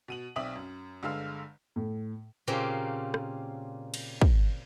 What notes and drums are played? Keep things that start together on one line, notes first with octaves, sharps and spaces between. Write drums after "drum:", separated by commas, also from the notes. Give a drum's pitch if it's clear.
B2 D#7 F#7
B1 C4 D5 E5 D#6 F#7
F#2
G1 D3 G#3 F5 E6 F6
A2
A#2 C#3 A#3 C4 G4 C5
drum: rim click
drum: cymbal
drum: kick